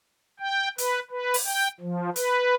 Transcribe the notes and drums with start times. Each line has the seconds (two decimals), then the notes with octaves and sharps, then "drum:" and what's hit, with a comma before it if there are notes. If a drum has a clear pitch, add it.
0.40 G5
0.78 B4, drum: hi-hat
1.11 B4
1.34 drum: open hi-hat
1.46 G5
1.81 F3
2.16 B4, drum: hi-hat